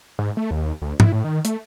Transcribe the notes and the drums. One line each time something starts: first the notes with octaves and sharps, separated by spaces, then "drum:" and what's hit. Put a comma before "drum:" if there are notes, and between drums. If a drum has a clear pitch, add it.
G#2
A3
D#2
D2
E4, drum: tom
A2
D#3
A3, drum: hi-hat